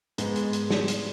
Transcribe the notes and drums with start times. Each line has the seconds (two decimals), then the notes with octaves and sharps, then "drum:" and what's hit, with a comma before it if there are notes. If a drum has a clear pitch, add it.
0.18 G#2 G#3 B3, drum: hi-hat
0.36 drum: hi-hat
0.53 drum: hi-hat
0.70 drum: snare
0.88 drum: hi-hat